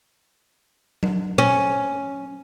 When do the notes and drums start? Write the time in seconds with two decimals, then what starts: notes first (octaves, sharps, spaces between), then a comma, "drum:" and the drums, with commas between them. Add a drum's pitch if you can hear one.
1.03 drum: tom F#3
1.38 C#4